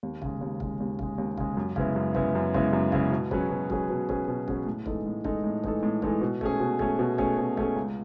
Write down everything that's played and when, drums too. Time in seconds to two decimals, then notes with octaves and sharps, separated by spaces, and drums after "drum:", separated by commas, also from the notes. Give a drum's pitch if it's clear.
0.03 D#2
0.22 C#3 G#3, drum: kick
0.41 D#2
0.60 C#3 G#3, drum: kick
0.80 D#2
0.99 C#3 G#3, drum: kick
1.18 D#2
1.37 C#3 G#3, drum: kick
1.57 F#2
1.76 C#3 G#3 B3 E4, drum: kick
1.96 F#2
2.15 C#3 G#3 B3 E4, drum: kick
2.35 F#2
2.54 C#3 G#3 B3 E4, drum: kick
2.73 F#2
2.92 C#3 G#3 B3 E4, drum: kick
3.12 B2
3.31 F#3 C#4 G#4 B4, drum: kick
3.50 B2
3.70 F#3 C#4 G#4 B4, drum: kick
3.90 B2
4.09 F#3 C#4 G#4 B4, drum: kick
4.28 B2
4.48 F#3 C#4 G#4 B4, drum: kick
4.66 A2
4.86 E3 G#3 D#4 A4, drum: kick
5.06 A2
5.24 E3 G#3 D#4 A4, drum: kick
5.44 A2
5.64 E3 G#3 D#4 A4, drum: kick
5.83 A2
6.02 E3 G#3 D#4 A4, drum: kick
6.21 B2
6.41 A3 C#4 G#4, drum: kick
6.60 B2
6.79 A3 C#4 G#4, drum: kick
6.99 B2
7.18 A3 C#4 G#4, drum: kick
7.37 B2
7.57 A3 C#4 G#4, drum: kick
7.76 C#2